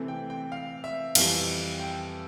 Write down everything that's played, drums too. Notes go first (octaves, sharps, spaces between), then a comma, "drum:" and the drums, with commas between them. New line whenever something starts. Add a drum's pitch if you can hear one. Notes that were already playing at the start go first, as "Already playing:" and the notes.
Already playing: C3 E3 A3 C4
G5
G5
F5
E5
F2 E3 G3 F5, drum: cymbal
G5